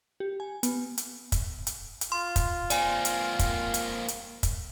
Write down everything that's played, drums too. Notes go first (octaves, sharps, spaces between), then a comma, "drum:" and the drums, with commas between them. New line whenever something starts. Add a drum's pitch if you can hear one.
G4
G#5
B3, drum: hi-hat
drum: hi-hat
drum: kick, hi-hat
drum: hi-hat
drum: hi-hat
F4 C6
drum: kick, hi-hat
A#3 C4 D5 G#5, drum: hi-hat
drum: hi-hat
drum: kick, hi-hat
drum: hi-hat
drum: hi-hat
drum: kick, hi-hat